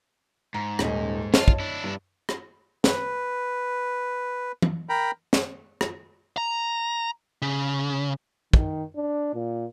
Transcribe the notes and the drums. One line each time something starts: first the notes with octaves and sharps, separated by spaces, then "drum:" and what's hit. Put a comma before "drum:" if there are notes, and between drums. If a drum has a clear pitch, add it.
G#2 A#5
D#1 C#4 D#5, drum: rim click
F4 C#5 D#5 A5, drum: snare
drum: kick
D4 E4
G2
drum: rim click
B4, drum: snare
drum: tom E3
A#4 G5 A#5 B5
drum: snare
drum: rim click
A#5
C#3
D#3, drum: kick
D4
A#2